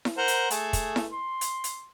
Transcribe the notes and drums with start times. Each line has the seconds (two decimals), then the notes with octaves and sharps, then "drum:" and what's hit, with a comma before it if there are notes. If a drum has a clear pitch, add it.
0.05 drum: snare E4
0.17 A#4 C5 F#5
0.28 drum: hi-hat
0.50 A3 G#4, drum: hi-hat
0.73 drum: kick, hi-hat
0.96 drum: snare E4
1.12 C6
1.41 drum: hi-hat
1.64 drum: hi-hat